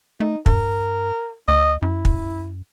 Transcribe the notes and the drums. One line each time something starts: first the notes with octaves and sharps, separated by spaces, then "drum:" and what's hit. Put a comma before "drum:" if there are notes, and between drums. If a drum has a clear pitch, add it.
A3 D#4
G2 A#4, drum: kick
D2 D#5
F#2 E4
drum: kick